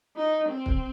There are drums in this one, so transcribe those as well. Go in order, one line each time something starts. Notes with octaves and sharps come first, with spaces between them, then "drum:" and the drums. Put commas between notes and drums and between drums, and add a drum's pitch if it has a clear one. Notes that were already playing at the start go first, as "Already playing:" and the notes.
D#4
C4
drum: kick